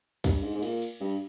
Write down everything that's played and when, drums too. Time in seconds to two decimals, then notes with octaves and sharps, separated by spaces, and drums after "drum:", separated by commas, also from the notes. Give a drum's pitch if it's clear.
0.24 G2, drum: kick, cymbal
0.42 G#2
0.55 G#2
0.63 A#2, drum: cymbal
0.82 drum: cymbal
1.01 G2